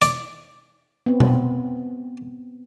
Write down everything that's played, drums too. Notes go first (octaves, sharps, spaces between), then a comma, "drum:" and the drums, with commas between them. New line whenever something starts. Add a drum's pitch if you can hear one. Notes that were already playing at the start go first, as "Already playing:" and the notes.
D5, drum: hi-hat
B3 C4
drum: tom B2